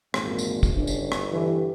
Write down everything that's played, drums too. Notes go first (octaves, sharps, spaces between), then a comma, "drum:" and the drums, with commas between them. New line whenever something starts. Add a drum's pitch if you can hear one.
G#1 E2 A#2 A#3, drum: rim click
drum: tambourine
drum: kick, tambourine
G1 C#3 C#4 D4
drum: tambourine
drum: rim click
D3 E3 G4